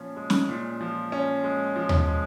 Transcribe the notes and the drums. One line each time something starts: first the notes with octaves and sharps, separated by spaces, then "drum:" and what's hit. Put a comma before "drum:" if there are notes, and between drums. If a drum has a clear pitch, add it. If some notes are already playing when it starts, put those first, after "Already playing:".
Already playing: A#2 F3 C#4
G#3
drum: snare
A#2
F3
C#4
G#3
F3
drum: tom D#2
G#3